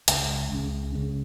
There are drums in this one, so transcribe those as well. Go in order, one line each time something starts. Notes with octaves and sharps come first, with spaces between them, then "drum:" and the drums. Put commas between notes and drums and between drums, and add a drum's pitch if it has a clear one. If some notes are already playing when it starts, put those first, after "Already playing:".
C#2 C#3, drum: hi-hat
C#2 C#3
C#2 C#3